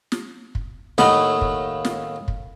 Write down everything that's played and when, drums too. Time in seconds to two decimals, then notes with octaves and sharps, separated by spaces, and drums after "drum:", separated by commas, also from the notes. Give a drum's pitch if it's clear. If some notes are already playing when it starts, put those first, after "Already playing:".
0.12 drum: snare
0.55 drum: kick
0.98 D#2 A2 A3 D#5 F#5 B5, drum: snare
1.41 drum: kick
1.85 drum: snare
2.28 drum: kick